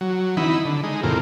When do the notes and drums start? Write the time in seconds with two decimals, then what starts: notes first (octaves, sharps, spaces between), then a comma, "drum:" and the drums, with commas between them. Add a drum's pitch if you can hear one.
0.01 F#3
0.37 D#4 E4 B5, drum: tom D#3
0.65 D3
0.83 G#3 D#4
1.03 E2 A2 C3 A#3 F4